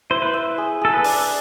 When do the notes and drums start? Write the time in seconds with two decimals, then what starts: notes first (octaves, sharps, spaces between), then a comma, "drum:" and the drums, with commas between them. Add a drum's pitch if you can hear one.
0.10 E4 C5
0.22 B4
0.34 E5
0.58 G#4
0.81 G#4 A4
0.94 B4
1.04 D4, drum: open hi-hat